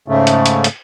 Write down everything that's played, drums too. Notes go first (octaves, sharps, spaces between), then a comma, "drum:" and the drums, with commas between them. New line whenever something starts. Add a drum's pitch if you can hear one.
G#2 C#3 A3
drum: hi-hat
drum: hi-hat
drum: hi-hat